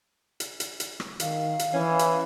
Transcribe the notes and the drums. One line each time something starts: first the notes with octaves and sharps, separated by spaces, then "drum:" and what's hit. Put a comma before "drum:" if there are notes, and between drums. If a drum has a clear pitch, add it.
drum: hi-hat
drum: hi-hat
drum: hi-hat
drum: rim click
D#3 F5, drum: hi-hat
drum: hi-hat
E3 C#4
drum: hi-hat